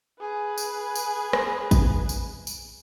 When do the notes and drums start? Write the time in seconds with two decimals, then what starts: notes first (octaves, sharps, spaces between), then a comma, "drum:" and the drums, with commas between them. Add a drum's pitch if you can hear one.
0.20 G#4 B4
0.58 drum: tambourine
0.95 drum: tambourine
1.33 drum: rim click
1.71 drum: kick, tambourine
2.09 drum: tambourine
2.47 drum: tambourine